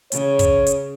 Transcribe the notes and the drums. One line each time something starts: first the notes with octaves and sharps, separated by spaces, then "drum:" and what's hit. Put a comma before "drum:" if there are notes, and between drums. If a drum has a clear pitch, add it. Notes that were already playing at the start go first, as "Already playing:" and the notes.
C#3 C#5, drum: hi-hat
drum: kick, hi-hat
drum: hi-hat